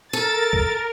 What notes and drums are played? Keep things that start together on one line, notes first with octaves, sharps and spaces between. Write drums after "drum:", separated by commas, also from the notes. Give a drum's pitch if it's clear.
A4 A#4 A6
drum: kick